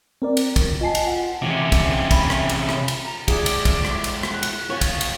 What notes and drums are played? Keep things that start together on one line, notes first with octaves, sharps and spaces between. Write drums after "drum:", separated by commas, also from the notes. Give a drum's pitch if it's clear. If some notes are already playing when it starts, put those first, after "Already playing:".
C4 A#4 D5
drum: cymbal
drum: kick, cymbal
F4 D#5 G#5 A5 C7
drum: cymbal
F#5
C3 E3 C#4 D6
drum: kick, cymbal
E5 B5, drum: kick, cymbal
drum: rim click
drum: cymbal
drum: rim click
drum: cymbal
A#5
G#3 E4 G#4 D5, drum: kick, cymbal
drum: cymbal
drum: kick, cymbal
drum: rim click
drum: cymbal
drum: rim click
F#6
drum: cymbal
B3 F4 C#5 G#5 C#6
drum: kick, cymbal
drum: cymbal